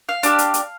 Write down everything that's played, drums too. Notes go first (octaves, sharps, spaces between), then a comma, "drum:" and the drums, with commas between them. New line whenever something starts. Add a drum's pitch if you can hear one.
F5
D4 G4, drum: hi-hat
drum: hi-hat
drum: hi-hat